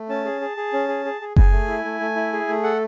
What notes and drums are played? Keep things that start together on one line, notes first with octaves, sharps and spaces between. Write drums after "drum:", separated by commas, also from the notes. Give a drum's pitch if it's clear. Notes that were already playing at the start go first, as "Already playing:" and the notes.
Already playing: A3
C#4 A5
G#4
G#4
G#4
C#4
G#4
G#4
G#4
G#4 G#5, drum: kick F#1
A3
E4
A3
A3
E4
G#4
A3
A4 F#5